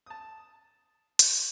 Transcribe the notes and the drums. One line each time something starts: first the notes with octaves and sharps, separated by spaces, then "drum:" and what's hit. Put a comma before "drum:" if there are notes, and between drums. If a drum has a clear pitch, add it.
A5 D#6
drum: hi-hat